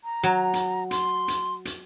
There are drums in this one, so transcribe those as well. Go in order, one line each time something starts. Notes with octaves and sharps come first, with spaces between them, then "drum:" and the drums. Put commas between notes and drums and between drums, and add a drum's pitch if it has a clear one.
A#5
F#3
drum: hi-hat
C6, drum: hi-hat
drum: hi-hat
drum: hi-hat